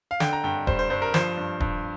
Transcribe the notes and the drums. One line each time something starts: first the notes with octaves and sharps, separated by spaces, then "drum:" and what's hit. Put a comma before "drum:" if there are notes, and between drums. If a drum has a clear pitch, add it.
F5
D3 G5, drum: snare
A#5
G2 G5
G3 C5, drum: kick D#1
C5
G2 C5
A#4
F3 C5, drum: snare
G2
G2, drum: kick D#1